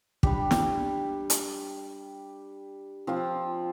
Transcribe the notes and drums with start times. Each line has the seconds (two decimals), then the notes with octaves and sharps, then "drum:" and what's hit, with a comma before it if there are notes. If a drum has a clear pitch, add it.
0.23 G3 D4 G4, drum: kick
0.51 drum: snare
1.30 drum: hi-hat
3.07 F3 C4 F4